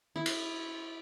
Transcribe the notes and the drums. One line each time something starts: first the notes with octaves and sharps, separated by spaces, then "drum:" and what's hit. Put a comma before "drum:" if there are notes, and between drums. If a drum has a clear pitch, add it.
E4
drum: cymbal